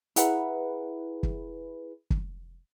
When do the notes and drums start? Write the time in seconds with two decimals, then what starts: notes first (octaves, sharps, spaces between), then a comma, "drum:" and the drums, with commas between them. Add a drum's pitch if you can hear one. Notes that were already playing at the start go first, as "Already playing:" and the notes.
0.16 E4 G#4 B4 E5 F#5 A#5, drum: hi-hat
1.23 drum: kick
2.10 drum: kick